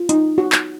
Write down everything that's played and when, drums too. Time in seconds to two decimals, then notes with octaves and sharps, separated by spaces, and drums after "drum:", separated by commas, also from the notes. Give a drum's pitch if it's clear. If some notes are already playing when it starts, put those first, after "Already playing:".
Already playing: F4
0.09 D#4, drum: hi-hat
0.38 F#4
0.52 drum: clap